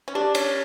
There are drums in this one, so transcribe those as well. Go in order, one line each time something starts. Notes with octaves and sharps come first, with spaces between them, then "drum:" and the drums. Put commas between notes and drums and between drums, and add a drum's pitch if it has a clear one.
C#4
D4 G4
C#4 C#5, drum: cymbal